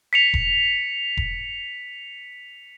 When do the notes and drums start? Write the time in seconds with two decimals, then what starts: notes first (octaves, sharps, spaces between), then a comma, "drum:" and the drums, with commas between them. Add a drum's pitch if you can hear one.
0.13 B6 C#7 F7
0.34 drum: kick E1
1.17 drum: kick E1